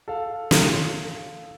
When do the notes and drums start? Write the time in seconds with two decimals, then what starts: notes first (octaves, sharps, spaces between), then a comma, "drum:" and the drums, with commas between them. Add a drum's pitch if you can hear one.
0.08 A4 F5
0.51 drum: snare